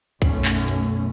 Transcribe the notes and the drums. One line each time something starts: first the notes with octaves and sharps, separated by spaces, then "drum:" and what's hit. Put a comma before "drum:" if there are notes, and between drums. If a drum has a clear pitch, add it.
B1 F#2 A3 C#4, drum: kick, hi-hat
drum: clap
drum: hi-hat